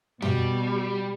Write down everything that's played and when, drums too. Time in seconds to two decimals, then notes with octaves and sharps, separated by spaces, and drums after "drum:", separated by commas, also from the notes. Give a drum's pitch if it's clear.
0.22 B2 G3, drum: tom F#2